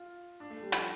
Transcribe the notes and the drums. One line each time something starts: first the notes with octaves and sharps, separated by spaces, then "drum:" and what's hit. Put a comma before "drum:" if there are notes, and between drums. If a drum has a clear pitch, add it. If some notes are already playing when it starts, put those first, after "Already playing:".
Already playing: F4
D4
A3
G3
F3, drum: hi-hat